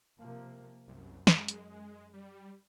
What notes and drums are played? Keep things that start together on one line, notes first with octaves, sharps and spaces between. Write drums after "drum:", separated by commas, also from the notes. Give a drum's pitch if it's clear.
C3 F3 A#3
C2 F#2
G#3, drum: snare
drum: hi-hat
G3